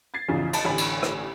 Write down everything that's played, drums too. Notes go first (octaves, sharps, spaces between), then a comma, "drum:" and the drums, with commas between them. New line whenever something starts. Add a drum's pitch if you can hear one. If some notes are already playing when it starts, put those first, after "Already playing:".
G#6 A6 C7
A1 E2 C#3 F3 D#4
D#5 A5 B5 A6, drum: cymbal
A1 D3 G4 G#5 B5
drum: cymbal
drum: rim click